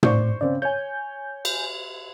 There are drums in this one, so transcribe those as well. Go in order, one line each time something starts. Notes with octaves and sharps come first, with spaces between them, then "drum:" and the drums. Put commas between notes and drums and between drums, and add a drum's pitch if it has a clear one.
A2 C5 D5 C#6 G6, drum: tom
C#3 C4 D5
C#5 G#5 G6
drum: cymbal